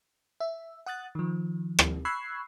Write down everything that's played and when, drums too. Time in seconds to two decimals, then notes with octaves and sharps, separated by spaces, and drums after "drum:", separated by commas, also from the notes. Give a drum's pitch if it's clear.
0.40 E5
0.86 F#5 D#6 F#6 A6
1.15 D#3 F3
1.79 drum: rim click
2.05 B5 C#6 E6 F#6 G#6 C7